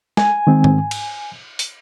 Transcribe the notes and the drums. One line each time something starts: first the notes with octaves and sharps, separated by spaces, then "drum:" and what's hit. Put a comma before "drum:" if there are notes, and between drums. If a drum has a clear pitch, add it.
G#5, drum: snare G#3
D#3 G#3 C4
drum: tom G#2
drum: cymbal
drum: hi-hat